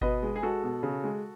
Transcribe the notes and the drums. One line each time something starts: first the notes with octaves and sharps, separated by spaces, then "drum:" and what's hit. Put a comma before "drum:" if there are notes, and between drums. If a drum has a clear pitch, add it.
B2 B4 D#5, drum: kick G1
G#3
G#4
G#3 F#4 A4
B2
C#3
G#3